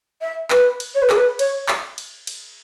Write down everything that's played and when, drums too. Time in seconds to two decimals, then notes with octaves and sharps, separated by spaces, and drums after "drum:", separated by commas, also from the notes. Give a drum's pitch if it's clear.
0.21 E5
0.50 B4, drum: clap
0.80 drum: cymbal
0.95 C#5
1.02 B4
1.10 G#4, drum: clap
1.17 B4
1.39 C#5, drum: cymbal
1.68 drum: clap
1.98 drum: cymbal
2.27 drum: cymbal